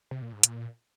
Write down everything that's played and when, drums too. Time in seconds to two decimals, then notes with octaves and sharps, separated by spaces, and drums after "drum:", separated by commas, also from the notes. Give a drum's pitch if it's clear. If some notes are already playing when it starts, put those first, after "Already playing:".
0.11 C3
0.22 A#2
0.33 G#2
0.43 A#2, drum: hi-hat